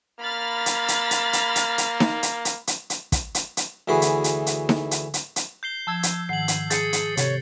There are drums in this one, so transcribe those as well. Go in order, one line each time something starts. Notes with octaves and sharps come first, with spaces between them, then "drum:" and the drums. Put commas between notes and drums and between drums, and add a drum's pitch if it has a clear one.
A#3 B5 F6 A6
drum: hi-hat
drum: hi-hat
drum: hi-hat
drum: hi-hat
drum: hi-hat
drum: hi-hat
drum: snare D#4
drum: hi-hat
drum: hi-hat
drum: hi-hat
drum: hi-hat
drum: kick, hi-hat
drum: hi-hat
drum: hi-hat
D2 E3 F#4 G#4 B4
drum: hi-hat
drum: hi-hat
drum: hi-hat
drum: snare D#4
drum: hi-hat
drum: hi-hat
drum: hi-hat
G6 C7 G7
F3 A5 E6 G#6
drum: hi-hat
G#2 D#3 F#5 C7 F#7
drum: hi-hat
G#4 G6 A6 C7 C#7, drum: hi-hat
drum: hi-hat
C3 A4 C#5, drum: hi-hat